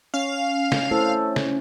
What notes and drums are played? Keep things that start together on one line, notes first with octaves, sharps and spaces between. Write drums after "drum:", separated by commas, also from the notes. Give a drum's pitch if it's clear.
C#4 F5
drum: snare
A3 E4 A4 C5
drum: snare